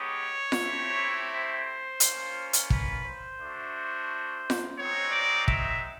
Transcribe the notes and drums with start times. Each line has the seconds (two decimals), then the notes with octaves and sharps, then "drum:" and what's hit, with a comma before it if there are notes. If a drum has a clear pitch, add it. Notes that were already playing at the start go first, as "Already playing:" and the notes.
Already playing: G#3 B3 D#4 G4 C#5
0.52 drum: snare F4
0.61 A3 C4 E4 G4
1.31 C5
2.00 A#3 C#4 F4, drum: hi-hat
2.53 drum: hi-hat
2.70 B4, drum: kick
3.04 C5
3.39 A3 D4 F#4
4.50 drum: snare F4
4.78 G#3 C4 D#4 F#4 C#5
5.12 D5
5.48 E5, drum: kick